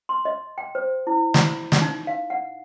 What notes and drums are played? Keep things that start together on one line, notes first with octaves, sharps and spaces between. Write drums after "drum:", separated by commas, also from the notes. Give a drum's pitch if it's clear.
C6
D#5
G5
C5
E4
B5, drum: snare
drum: snare
D#4
F5
F#5